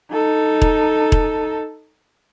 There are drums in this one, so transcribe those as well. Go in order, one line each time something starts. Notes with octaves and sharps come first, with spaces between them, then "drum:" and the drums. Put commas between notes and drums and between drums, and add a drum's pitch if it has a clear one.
D#4 A4
drum: kick E1
drum: kick E1